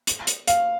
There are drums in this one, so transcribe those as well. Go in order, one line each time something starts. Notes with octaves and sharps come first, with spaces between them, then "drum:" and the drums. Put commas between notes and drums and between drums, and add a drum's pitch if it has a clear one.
drum: hi-hat
drum: hi-hat
F5, drum: hi-hat